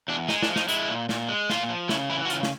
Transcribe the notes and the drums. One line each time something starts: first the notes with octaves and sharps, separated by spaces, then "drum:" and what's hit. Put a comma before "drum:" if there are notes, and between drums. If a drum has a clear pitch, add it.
E2 D4
G#3 D#4, drum: snare
D4, drum: snare
F3
D#4, drum: snare
G#3 E4, drum: hi-hat
A#2
A#2, drum: snare
G#3
A#2 F4, drum: snare
F3
C#3 E4, drum: snare
E3 E4
F#4
C#3 F4, drum: hi-hat
drum: snare